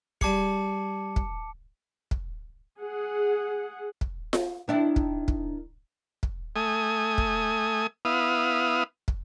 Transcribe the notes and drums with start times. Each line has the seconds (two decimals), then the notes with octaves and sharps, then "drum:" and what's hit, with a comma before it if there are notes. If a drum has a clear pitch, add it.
0.21 G3 G#4 A5 D6 C#7, drum: kick
1.16 drum: kick
2.11 drum: kick
2.80 G#4 F#5
4.01 drum: kick
4.33 drum: snare F4
4.68 D#3 D4 E4
4.96 drum: kick
5.28 drum: kick
6.23 drum: kick
6.56 A3 G#5 D#6
7.18 drum: kick
8.05 B3 E4 F5 D#6
9.08 drum: kick